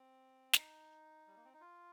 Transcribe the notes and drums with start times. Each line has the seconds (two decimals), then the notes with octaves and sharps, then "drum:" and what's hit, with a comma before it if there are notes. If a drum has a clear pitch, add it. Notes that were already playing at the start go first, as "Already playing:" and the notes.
Already playing: C4
0.53 D#4, drum: snare
1.27 G3
1.36 A#3
1.45 C4
1.53 D#4
1.61 F4